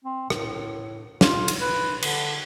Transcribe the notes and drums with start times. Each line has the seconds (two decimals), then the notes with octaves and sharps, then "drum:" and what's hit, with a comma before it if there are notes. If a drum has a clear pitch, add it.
0.05 C4
0.30 A2, drum: rim click
1.21 F4, drum: snare
1.48 drum: cymbal
1.60 B4
2.02 D3, drum: cymbal